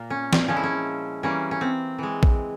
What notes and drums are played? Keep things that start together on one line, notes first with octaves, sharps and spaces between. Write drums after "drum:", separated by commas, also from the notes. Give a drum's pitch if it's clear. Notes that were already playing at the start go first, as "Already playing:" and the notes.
Already playing: A#2 A#3
C#4
drum: snare
A#2 F3 G#3 C#4
E4
C#4
E3 G3 A#3 C#4
C#4
C4
E3 G#3
drum: kick